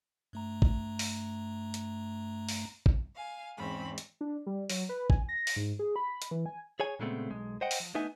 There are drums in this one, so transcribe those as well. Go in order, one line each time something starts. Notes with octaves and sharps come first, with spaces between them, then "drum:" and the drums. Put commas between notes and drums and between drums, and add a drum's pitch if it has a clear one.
G2 A3 A#5
drum: kick
drum: open hi-hat
drum: hi-hat
drum: open hi-hat
drum: kick
F5 G#5
E2 G#2 C4 C#4 B5
drum: hi-hat
D4
G3
F#3, drum: open hi-hat
B4
G#5, drum: kick
A#6
drum: open hi-hat
G#2
G#4
B5
drum: hi-hat
E3
G#5
G#4 C#5 G#5
A#2 C#3 G#3 A3 B3 C4
B1 G#3
C5 D#5 F#5 G5
drum: open hi-hat
F3
A3 B3 D#4 E5 G#5